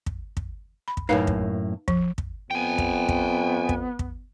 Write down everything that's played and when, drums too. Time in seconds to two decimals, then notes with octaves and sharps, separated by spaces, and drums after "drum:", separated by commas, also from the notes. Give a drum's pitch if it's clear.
0.06 drum: kick
0.37 drum: kick
0.88 B5
0.97 drum: kick
1.09 F#2 A2 A#3 D#4 B4 F5
1.27 drum: kick
1.88 F3, drum: kick
2.18 drum: kick
2.51 F2 B3 G5 G#5
2.78 drum: kick
3.09 drum: kick
3.69 drum: kick
3.99 drum: kick